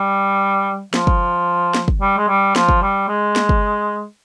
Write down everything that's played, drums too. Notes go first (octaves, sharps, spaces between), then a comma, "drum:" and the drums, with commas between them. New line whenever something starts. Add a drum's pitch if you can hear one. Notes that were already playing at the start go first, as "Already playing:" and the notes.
Already playing: G3
F3, drum: snare
drum: kick
drum: snare
drum: kick
G3
G#3
G3
F3, drum: snare
drum: kick
G3
G#3
drum: snare
drum: kick